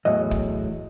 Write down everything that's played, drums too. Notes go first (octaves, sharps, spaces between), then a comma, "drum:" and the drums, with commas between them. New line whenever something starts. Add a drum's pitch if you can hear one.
E2 A2 F#3 D#5
drum: kick